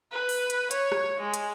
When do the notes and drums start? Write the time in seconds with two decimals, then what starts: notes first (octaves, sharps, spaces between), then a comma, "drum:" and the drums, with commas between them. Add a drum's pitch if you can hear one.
0.12 B4
0.29 drum: open hi-hat
0.50 drum: hi-hat
0.71 C#5, drum: hi-hat
0.92 drum: rim click
1.20 G#3
1.34 drum: hi-hat